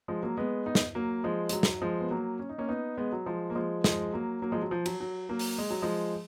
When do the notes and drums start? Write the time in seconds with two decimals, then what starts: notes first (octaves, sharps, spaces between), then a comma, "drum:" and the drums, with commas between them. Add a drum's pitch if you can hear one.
0.08 F3 G#3
0.23 F#3 A#3
0.37 G#3 B3
0.66 B3 D#4
0.75 drum: snare
0.95 F#3 A#3
1.24 F3 G#3
1.49 G#3, drum: hi-hat
1.53 F#3
1.63 drum: snare
1.81 F3 G#3
2.00 B3
2.11 F#3 A#3
2.39 C#4
2.49 D#4
2.58 A#3 C#4
2.68 B3 D#4
2.97 G#3 B3
3.12 F#3
3.26 F3 G#3
3.50 A#3
3.55 F3 G#3
3.84 F3 G#3, drum: snare
4.13 F#3 A#3
4.42 F#3 A#3
4.52 F3 G#3
4.62 F#3
4.71 F3
4.86 F#3, drum: cymbal
5.00 F#3
5.29 F#3 A#3
5.39 drum: open hi-hat
5.58 G#3
5.70 F#3
5.82 F3 G#3